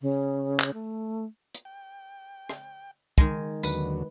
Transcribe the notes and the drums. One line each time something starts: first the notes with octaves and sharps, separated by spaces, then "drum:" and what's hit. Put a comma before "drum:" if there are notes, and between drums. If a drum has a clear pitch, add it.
C#3
drum: clap
A3
drum: hi-hat
G5
drum: rim click
D#3 G#3, drum: kick
D#2 D3 F#3 B4, drum: tambourine